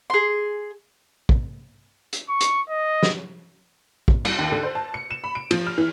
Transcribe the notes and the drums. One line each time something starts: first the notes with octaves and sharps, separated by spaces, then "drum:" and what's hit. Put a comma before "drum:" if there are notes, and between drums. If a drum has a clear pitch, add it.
G#4 C6
drum: kick
drum: hi-hat
C#6
drum: hi-hat
D#5
drum: snare
drum: kick
C2, drum: cymbal
D#2
D3
C5
A5
C#7
E7
B5
D7
F3, drum: cymbal
F6
E3